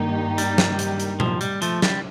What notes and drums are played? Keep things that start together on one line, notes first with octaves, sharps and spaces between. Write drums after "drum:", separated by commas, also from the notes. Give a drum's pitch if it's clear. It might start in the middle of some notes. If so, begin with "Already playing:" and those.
Already playing: G2 D#3 A#3 D#4 G4
G3, drum: hi-hat
drum: snare
drum: hi-hat
drum: hi-hat
F3, drum: tom A#2
G3, drum: hi-hat
F3 A3, drum: hi-hat
G3, drum: snare